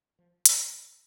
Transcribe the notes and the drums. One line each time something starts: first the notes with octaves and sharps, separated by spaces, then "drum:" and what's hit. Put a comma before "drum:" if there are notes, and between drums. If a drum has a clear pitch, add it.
F3
F#3, drum: hi-hat